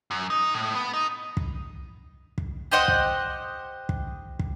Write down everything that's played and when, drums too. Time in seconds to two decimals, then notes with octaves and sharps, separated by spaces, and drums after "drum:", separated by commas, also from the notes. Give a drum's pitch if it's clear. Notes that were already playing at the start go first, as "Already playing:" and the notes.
0.11 F#2
0.30 D#4
0.54 A2
0.75 B3
0.93 D#4
1.37 drum: kick
2.38 drum: kick
2.72 G4 C5 D#5 F#5
2.88 drum: kick
3.89 drum: kick
4.39 drum: kick